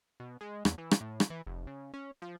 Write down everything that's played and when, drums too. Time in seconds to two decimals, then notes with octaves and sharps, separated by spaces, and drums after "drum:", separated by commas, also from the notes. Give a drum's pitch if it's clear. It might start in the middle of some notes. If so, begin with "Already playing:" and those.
0.20 B2
0.41 G#3
0.65 E2, drum: rim click
0.78 E3
0.91 drum: rim click
1.01 A2
1.20 drum: rim click
1.30 E3
1.47 F1
1.67 C#3
1.94 C#4
2.22 F3